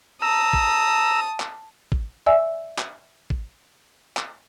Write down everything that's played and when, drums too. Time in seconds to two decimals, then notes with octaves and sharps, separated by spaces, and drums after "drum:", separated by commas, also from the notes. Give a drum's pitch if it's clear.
0.22 A5 A#5 D#6 E6
0.53 drum: kick G#1
1.40 drum: clap
1.92 drum: kick G#1
2.26 D5 E5 G#5 E6
2.78 drum: clap
3.30 drum: kick G#1
4.17 drum: clap